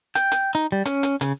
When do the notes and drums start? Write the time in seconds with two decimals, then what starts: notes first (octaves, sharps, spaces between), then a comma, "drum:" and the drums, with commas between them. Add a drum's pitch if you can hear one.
0.15 G5, drum: hi-hat
0.32 drum: hi-hat
0.55 D#4
0.72 G3
0.86 C#4, drum: hi-hat
1.03 drum: hi-hat
1.21 C#3, drum: hi-hat